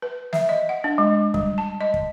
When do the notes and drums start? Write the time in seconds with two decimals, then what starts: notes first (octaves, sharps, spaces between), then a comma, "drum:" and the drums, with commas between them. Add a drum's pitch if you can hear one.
0.02 B4
0.33 E5, drum: snare
0.49 D#5
0.69 F#5
0.84 D4
0.98 G#3
1.34 G3, drum: kick
1.58 A5
1.81 D#5
1.94 drum: kick